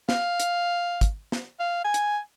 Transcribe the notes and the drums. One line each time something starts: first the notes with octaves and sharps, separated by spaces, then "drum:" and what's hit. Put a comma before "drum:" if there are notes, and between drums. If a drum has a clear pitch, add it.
F5, drum: snare
drum: hi-hat
drum: kick, hi-hat
drum: snare
F5
G#5
drum: hi-hat